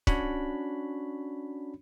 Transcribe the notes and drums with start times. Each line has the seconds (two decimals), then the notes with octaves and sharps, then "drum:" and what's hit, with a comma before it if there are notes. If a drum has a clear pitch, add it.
0.07 C#4 D4 F#4 C#5 B5, drum: kick